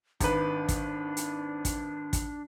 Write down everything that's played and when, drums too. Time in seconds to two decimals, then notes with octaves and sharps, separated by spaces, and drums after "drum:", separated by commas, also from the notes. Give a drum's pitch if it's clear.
0.20 G#1 D4 B4, drum: kick, hi-hat
0.69 drum: kick, hi-hat
1.17 drum: hi-hat
1.65 drum: kick, hi-hat
2.13 drum: kick, hi-hat